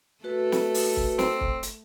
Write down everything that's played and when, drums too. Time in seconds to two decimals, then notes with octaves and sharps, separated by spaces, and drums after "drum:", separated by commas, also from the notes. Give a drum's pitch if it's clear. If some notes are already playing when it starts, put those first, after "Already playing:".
0.24 A3 F#4 A4 B4
0.52 drum: snare
0.74 drum: open hi-hat
0.97 drum: kick C#1
1.19 C4, drum: snare
1.41 drum: kick C#1
1.63 drum: hi-hat